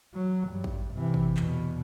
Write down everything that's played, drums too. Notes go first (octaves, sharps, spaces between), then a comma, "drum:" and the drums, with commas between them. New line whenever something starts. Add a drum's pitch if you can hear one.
F#3
G2
drum: kick A1
C3 E3
drum: kick A1
E2 B2, drum: clap